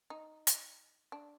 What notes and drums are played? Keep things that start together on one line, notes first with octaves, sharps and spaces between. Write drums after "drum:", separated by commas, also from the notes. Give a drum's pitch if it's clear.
D#4
drum: hi-hat
D4